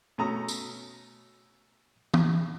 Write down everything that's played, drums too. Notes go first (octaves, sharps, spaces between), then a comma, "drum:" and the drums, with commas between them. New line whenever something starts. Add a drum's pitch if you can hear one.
B2 A3 C#4 A5 A#5 D#6
drum: tambourine
drum: tom